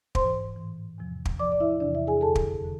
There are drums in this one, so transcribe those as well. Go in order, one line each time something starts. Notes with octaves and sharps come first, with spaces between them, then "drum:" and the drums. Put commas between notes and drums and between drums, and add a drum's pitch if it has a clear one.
G#2 E3 C5 C6, drum: kick
A2 E3
E2 C3 F3
drum: kick
A2 F3 D5 D6
D5
E4 E5
E2 C3 E3 D4 D5
E4 E5
G#4 G#5
F2 D3 F3 A4 A5
drum: kick
D3